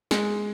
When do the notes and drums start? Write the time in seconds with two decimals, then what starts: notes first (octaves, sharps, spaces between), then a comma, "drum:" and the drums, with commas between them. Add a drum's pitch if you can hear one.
0.11 G#3, drum: snare